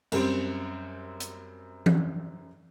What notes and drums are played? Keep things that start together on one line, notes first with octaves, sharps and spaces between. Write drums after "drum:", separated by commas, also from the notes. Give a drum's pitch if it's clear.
F#2 G3 C4, drum: cymbal
drum: hi-hat
drum: tom E3